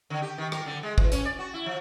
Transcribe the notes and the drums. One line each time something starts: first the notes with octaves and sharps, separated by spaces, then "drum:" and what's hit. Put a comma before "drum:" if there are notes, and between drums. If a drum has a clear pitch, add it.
D3
G4
D#3
A#4, drum: rim click
D3
G#3
E3, drum: kick
C#4, drum: hi-hat
D5
F#4
E4
F3